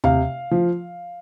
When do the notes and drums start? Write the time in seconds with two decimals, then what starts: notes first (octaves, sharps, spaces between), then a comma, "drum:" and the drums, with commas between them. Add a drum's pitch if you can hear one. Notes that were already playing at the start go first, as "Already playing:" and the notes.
0.04 C3 F5, drum: tom D#2
0.51 F3